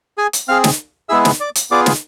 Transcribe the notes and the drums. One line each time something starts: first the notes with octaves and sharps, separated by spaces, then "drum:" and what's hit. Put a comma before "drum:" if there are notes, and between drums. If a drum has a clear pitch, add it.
G#4 G#5
drum: hi-hat
C4 G#4 F5 F6
drum: snare
G#3 B3 E4 G#4 E5 E6
drum: snare
D5 D6
drum: hi-hat
B3 F4 G#4 D5 D6
drum: snare